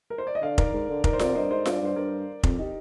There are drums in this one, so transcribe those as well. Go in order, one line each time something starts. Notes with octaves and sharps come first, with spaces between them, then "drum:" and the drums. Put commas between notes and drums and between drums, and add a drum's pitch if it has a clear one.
A#4
C5
D5
D#5
D3 D5 F5
D#3 A#4 D5, drum: kick F1
G#2
D3
D#3 A#4 D5, drum: kick F1
C5
C3 A#4 D5, drum: snare F4
G2 C5 D#5
G#2 C5 D#5
G2 D5 F5, drum: snare F4
G2 C5
G2 A#4 D5
F2, drum: kick F1
D#4 G4